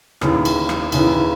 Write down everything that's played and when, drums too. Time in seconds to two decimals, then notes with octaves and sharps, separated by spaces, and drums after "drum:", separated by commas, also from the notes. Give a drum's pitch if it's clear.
0.21 D#2 C#3 E3, drum: rim click
0.45 drum: cymbal
0.69 drum: rim click
0.92 D#2 C#3 E3, drum: cymbal